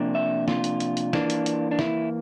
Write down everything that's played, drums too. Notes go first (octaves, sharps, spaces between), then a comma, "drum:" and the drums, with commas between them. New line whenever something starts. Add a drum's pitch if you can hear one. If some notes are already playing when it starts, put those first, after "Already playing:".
Already playing: C3 F3 A#3 D4
E5
F4, drum: snare
drum: hi-hat
drum: hi-hat
drum: hi-hat
E3 A#3 D4, drum: snare
drum: hi-hat
drum: hi-hat
D4
E4, drum: snare